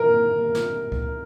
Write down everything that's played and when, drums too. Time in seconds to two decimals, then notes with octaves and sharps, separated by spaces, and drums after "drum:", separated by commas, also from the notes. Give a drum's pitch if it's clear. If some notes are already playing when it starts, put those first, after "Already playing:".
Already playing: A#4
0.55 drum: snare
0.92 drum: kick C#2